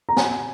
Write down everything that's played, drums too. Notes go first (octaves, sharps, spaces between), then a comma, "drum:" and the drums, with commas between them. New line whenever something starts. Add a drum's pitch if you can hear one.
A#5
G#5, drum: snare